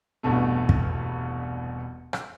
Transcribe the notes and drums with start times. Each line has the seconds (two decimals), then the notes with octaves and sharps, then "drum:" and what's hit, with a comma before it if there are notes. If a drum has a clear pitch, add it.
0.23 E1 C2 G2 B2 A3
0.69 drum: kick
2.13 drum: rim click